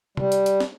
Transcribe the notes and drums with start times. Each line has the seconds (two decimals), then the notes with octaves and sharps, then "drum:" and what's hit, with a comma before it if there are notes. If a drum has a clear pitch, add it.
0.17 G3, drum: tom C3
0.32 drum: hi-hat
0.46 drum: hi-hat
0.60 drum: snare